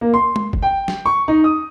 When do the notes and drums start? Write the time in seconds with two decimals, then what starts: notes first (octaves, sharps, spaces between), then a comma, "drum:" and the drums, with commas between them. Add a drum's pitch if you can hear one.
0.01 A#3
0.14 C6
0.36 drum: tom
0.53 drum: kick
0.62 G5
0.88 drum: snare
1.06 C#6
1.28 D#4
1.44 D#6